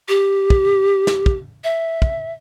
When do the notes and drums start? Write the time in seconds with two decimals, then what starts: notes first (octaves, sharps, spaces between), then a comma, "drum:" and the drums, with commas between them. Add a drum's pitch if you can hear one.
0.08 G4
0.50 drum: kick
1.07 drum: snare
1.26 drum: kick
1.64 E5
2.02 drum: kick